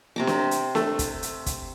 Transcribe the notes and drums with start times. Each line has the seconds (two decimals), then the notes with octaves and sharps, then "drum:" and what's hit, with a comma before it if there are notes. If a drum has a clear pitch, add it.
0.16 C3 A#5 D6
0.27 drum: snare
0.51 drum: hi-hat
0.75 A3, drum: snare
0.99 drum: kick, hi-hat
1.23 drum: hi-hat
1.46 drum: kick, hi-hat